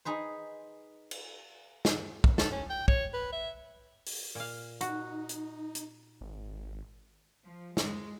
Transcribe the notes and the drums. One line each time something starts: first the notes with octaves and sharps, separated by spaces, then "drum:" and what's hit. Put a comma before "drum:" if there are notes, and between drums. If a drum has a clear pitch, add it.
D#4 G#4 B4 C5
drum: cymbal
drum: snare
drum: kick
A4, drum: snare
C#4
G5
C#5, drum: kick
B4
E5
drum: open hi-hat
A#2 F5
D#4 F#4, drum: hi-hat
drum: hi-hat
drum: hi-hat
G#1
F3
G#3, drum: snare